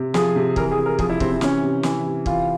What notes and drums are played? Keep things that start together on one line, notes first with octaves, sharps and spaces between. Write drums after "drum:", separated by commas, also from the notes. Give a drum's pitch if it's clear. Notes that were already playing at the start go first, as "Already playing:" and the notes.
Already playing: C3
F3 G#4, drum: snare
C3
E3 A#4, drum: kick
G#4
C3
A#4
F3 G#4, drum: kick
E4
C3 C4, drum: kick
C4
E3 C#4, drum: snare
C3
E3, drum: snare
C3
E3 F4, drum: kick